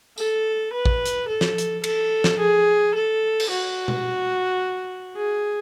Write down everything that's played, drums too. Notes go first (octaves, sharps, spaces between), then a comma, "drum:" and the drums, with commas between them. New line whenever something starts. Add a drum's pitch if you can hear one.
A4, drum: tambourine
B4
drum: kick A1
drum: hi-hat
A4
drum: snare
drum: hi-hat
A4, drum: cymbal
drum: snare
G#4
A4
drum: cymbal
F#4
drum: tom B2
G#4